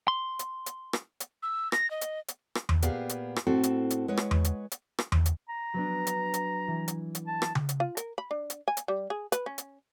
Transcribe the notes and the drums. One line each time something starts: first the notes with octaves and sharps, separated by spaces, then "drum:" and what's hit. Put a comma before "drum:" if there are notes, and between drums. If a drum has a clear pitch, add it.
C6
drum: hi-hat
drum: hi-hat
drum: rim click
drum: hi-hat
E6
A#6, drum: rim click
D#5
drum: hi-hat
drum: hi-hat
drum: rim click
drum: tom E2
A#2 B3 G4 G#4 F5 G#5, drum: hi-hat
drum: hi-hat
drum: rim click
A2 C4 F#4 A4
drum: hi-hat
drum: hi-hat
G#3 B4 C#5 F#5
drum: rim click
drum: tom E2
drum: hi-hat
drum: hi-hat
drum: rim click
drum: tom E2
drum: hi-hat
A#5
F#3 B3 D4
drum: hi-hat
drum: hi-hat
E3
drum: hi-hat
drum: hi-hat
A5
drum: rim click
drum: tom C#3
drum: hi-hat
F4
A#4, drum: hi-hat
B5
D4
drum: hi-hat
G#5
drum: hi-hat
G3
G#4
B4, drum: hi-hat
C#4
drum: hi-hat